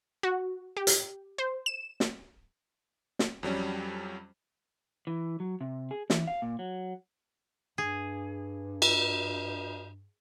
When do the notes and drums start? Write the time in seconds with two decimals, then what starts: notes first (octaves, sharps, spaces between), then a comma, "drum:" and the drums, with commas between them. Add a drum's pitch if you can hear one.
0.23 F#4
0.77 G4
0.87 drum: hi-hat
1.38 C5
1.66 E7
2.00 drum: snare
3.19 drum: snare
3.43 F2 F#3 G3 C#4
5.07 E3
5.40 F#3
5.61 C3
5.91 G#4
6.10 E3, drum: snare
6.27 F5
6.42 A#2
6.59 F#3
7.78 G2 G#4
8.82 drum: cymbal